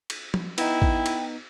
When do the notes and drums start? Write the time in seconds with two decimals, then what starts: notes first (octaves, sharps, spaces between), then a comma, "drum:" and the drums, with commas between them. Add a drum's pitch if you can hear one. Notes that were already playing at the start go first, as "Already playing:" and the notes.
0.10 drum: cymbal
0.34 drum: tom
0.58 B3 D#4 E4 G5, drum: cymbal
0.82 drum: kick
1.06 drum: cymbal